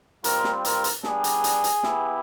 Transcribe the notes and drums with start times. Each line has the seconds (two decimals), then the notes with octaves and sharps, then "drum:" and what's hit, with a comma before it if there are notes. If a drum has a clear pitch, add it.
0.24 G3 C4 F4 A#4, drum: hi-hat
0.44 drum: snare
0.65 A#4, drum: hi-hat
0.84 drum: hi-hat
1.03 G3 B3 D4 G#4, drum: snare
1.24 drum: hi-hat
1.44 drum: hi-hat
1.64 drum: hi-hat
1.83 B3 E4 G4, drum: snare